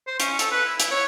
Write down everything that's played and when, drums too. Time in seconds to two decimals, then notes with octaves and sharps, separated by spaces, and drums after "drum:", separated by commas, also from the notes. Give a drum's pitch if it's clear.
0.07 C5
0.20 C#4, drum: hi-hat
0.39 A4, drum: hi-hat
0.51 B4
0.66 E4
0.80 E4, drum: hi-hat
0.91 C#5